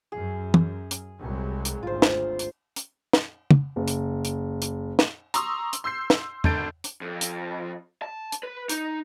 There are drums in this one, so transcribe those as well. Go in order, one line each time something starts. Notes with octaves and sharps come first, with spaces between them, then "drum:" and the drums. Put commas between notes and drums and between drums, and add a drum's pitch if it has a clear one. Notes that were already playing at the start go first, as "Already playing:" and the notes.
F#2 G#4
drum: tom
drum: hi-hat
C2 F#3 G#3
drum: hi-hat
G#1 D2 F4 C5
drum: snare
drum: hi-hat
drum: hi-hat
drum: snare
drum: tom
F#1
drum: hi-hat
drum: hi-hat
drum: hi-hat
drum: snare
A#5 C6 C#6 D#6 E6, drum: hi-hat
drum: hi-hat
C6 E6 G6 C7
drum: snare
G#1 D3 A4 G6 A6 D7, drum: tom E2
drum: hi-hat
F2
drum: hi-hat
A5
drum: hi-hat
B4
D#4, drum: hi-hat